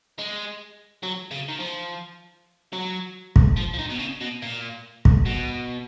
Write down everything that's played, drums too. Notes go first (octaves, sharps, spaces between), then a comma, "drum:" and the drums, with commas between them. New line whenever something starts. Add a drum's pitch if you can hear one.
G#3
F#3
C#3
D#3
F3
F#3
drum: kick
F3
F3
D#3
B2
C#3
B2
A#2
drum: kick
B2